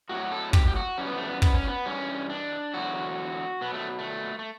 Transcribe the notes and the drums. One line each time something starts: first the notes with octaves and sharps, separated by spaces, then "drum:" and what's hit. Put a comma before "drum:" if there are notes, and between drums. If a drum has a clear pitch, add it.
A2 F#3 F#4
A4
G4, drum: kick
G4
F#4
F#2 E3 G3 C#4
B3
A3
B3
B3, drum: kick
C#4
B3
G2 E3 G3 C#4
D4
E2 D3 F#3 F#4
B2 F#3 B3
A3
A3
A3